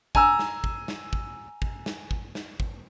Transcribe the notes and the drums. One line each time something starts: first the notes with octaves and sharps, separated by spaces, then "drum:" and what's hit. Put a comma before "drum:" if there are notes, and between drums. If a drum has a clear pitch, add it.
G#5 A#5 E6, drum: kick
drum: snare
drum: kick
drum: snare
drum: kick
drum: kick
drum: snare
drum: kick
drum: snare
drum: kick